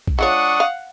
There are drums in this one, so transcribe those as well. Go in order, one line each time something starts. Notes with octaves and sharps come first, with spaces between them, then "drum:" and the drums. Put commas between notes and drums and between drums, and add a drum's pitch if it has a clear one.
drum: kick A#1
G#3 D4 F4 C#5 F#5 C#6 D#6
F5